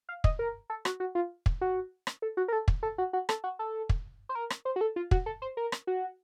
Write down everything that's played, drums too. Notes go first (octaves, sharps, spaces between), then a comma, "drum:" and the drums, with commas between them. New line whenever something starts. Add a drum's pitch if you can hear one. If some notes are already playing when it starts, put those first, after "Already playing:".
F5
D#5, drum: kick
A#4
A4
F#4, drum: rim click
F#4
F4
drum: kick
F#4
drum: rim click
A4
F#4
A#4
A4
drum: kick
A4
F#4
F#4
A4, drum: rim click
F#4
A4
drum: kick
C5
A#4
drum: rim click
C5
F#4
A4
F4
F#4, drum: kick
A4
C5
A#4
drum: rim click
F#4